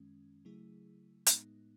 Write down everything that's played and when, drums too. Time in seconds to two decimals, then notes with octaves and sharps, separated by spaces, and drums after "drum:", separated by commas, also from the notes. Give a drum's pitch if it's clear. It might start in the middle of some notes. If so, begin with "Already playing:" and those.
Already playing: F#2 D#3 G#3 C#4
0.45 C#3 F#3 A3 E4 G#4
1.27 A2 G#3 B3 D#4, drum: hi-hat